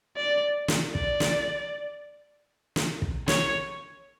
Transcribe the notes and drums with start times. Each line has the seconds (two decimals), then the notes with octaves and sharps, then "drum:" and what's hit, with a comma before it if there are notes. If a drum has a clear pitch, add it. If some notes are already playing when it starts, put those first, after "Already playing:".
0.17 D5
0.68 drum: snare
0.95 D5, drum: kick
1.20 drum: snare
2.76 drum: snare
3.02 drum: kick
3.28 C#5, drum: snare